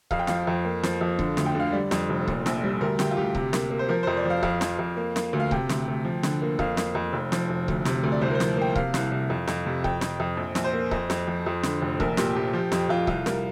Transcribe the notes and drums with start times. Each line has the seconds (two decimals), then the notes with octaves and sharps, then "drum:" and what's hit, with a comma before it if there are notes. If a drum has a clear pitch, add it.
0.11 F2 F5, drum: kick C#1
0.19 G5
0.27 F3 F5, drum: snare
0.47 F2
0.65 A#3
0.83 F3, drum: snare
1.01 F2
1.19 D3, drum: kick C#1
1.37 D2, drum: snare
1.46 G5
1.55 D3
1.60 F5
1.73 G3 D5
1.91 F2, drum: snare
2.09 F1
2.28 A#2, drum: kick C#1
2.46 A#1, drum: snare
2.64 G3
2.81 D2 A#4
2.99 D2 G4, drum: snare
3.11 F4
3.17 D2 G4
3.35 C3, drum: kick C#1
3.53 A#3, drum: snare
3.71 A#3
3.79 C5
3.89 F3 A#4
4.03 F2 C5
4.17 D5
4.25 F3 F5
4.43 F2 F5, drum: kick C#1
4.61 F2, drum: snare
4.79 F2
4.97 A#3
5.16 A#3, drum: snare
5.33 D2
5.40 F5
5.51 C3 G5, drum: kick C#1
5.69 D2, drum: snare
5.88 D2
6.05 F3
6.23 D3, drum: snare
6.42 A#3
6.59 F2 F5, drum: kick C#1
6.77 A#3, drum: snare
6.95 F2
7.13 F1
7.32 F3, drum: snare
7.49 F1
7.68 D2, drum: kick C#1
7.85 C3, drum: snare
8.04 D2
8.12 D5
8.21 C2 C5
8.31 A#4
8.35 C5
8.40 F3, drum: snare
8.57 A#3 G5
8.76 C3 F5, drum: kick C#1
8.94 C2, drum: snare
9.12 C2
9.30 F2
9.47 F2, drum: snare
9.66 C3
9.84 F2 G5, drum: kick C#1
10.01 F2, drum: snare
10.20 F2
10.37 A#1
10.55 A#1, drum: snare
10.64 C5
10.73 A#3
10.91 F2, drum: kick C#1
11.10 F2, drum: snare
11.27 F3
11.46 F2
11.63 D3, drum: snare
11.82 F1
12.00 A#1 A#4, drum: kick C#1
12.17 A#2 G4, drum: snare
12.35 A#1 G4
12.53 F3 G4
12.72 F2 G4, drum: snare
12.89 F2 F4
13.07 C2 F4, drum: kick C#1
13.26 G3 A#4, drum: snare